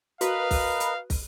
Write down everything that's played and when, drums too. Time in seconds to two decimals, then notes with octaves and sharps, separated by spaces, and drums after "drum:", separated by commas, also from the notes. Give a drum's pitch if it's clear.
0.21 F#4 A#4 B4 D#5 F5, drum: hi-hat
0.51 drum: kick, open hi-hat
0.80 drum: hi-hat
1.10 drum: kick, open hi-hat